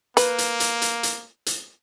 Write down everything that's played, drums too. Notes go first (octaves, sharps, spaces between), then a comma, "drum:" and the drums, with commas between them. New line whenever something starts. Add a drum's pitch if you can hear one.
A#3 B4, drum: hi-hat
drum: hi-hat
drum: hi-hat
drum: hi-hat
drum: hi-hat
drum: hi-hat